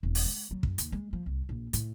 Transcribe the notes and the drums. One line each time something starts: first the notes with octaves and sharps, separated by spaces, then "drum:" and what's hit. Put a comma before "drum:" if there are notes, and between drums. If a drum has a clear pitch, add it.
E1
drum: open hi-hat
G#3
F#3
F#2, drum: kick
D#2, drum: hi-hat
G#3
F3
C2
A#1
A2, drum: hi-hat